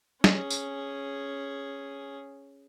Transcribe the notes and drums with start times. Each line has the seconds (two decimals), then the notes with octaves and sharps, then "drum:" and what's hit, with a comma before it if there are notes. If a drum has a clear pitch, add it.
0.24 C#4 G#4, drum: snare
0.50 drum: tambourine